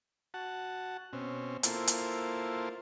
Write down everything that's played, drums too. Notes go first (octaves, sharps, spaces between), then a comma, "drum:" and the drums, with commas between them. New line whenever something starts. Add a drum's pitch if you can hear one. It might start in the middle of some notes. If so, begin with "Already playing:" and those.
F#4 F#5 A5
B2 C4 C#4
A#3 E4 F4 A4 C5, drum: hi-hat
drum: hi-hat